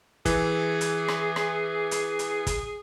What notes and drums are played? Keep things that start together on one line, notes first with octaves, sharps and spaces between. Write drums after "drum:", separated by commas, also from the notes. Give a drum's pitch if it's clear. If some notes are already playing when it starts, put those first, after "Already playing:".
E3 G#4, drum: kick, hi-hat
drum: hi-hat
drum: rim click
drum: rim click
drum: hi-hat
drum: hi-hat
drum: kick, hi-hat